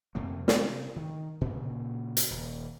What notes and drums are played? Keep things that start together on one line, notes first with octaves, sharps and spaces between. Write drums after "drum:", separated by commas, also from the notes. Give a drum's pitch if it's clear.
F2 C3 A3 A#3
C3 G3, drum: snare
D#3
A#2 C#3
drum: hi-hat
D#1